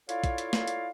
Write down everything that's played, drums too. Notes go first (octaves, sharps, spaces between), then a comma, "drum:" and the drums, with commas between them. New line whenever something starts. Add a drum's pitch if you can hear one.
E4 F4 A4 C#5 D5 F5, drum: hi-hat
drum: kick, hi-hat
drum: hi-hat
drum: snare
drum: hi-hat